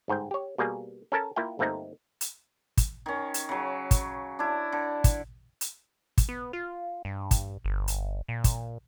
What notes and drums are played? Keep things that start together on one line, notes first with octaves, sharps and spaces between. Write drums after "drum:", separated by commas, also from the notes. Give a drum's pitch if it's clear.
G1 G#2 C5 G5
G4 C#5
B2 G3 A#3 G#4
C#4 A4 A#4 A5
A#3 E4 F4 F5 G5
G1 A3 A#3 C4 D#4 A#5
drum: hi-hat
drum: kick, hi-hat
D#3 C#4
drum: hi-hat
C#3 F#3
drum: kick, hi-hat
D4 E4
D3
drum: kick, hi-hat
drum: hi-hat
drum: kick, hi-hat
B3
F4
G2
drum: kick, hi-hat
G1
drum: hi-hat
A#2
drum: kick, hi-hat